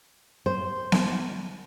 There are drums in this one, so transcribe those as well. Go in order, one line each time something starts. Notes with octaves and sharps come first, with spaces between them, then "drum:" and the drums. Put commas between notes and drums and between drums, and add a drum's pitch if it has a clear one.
C5
drum: snare B3